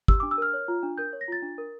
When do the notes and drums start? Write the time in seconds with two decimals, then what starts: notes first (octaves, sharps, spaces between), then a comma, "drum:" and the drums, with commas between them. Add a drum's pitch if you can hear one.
0.08 G4 E6, drum: kick
0.20 D4 D6
0.31 E6
0.38 A#4 F6
0.54 C#5
0.68 F4
0.83 D4
0.98 A#4 G6
1.13 C#5
1.21 A#6
1.28 F4 A6
1.42 D4
1.58 A#4